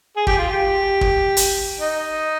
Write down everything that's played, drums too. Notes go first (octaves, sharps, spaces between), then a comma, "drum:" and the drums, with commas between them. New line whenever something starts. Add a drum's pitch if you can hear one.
G#4
G4, drum: kick
F4
G4
drum: kick
drum: hi-hat
D#4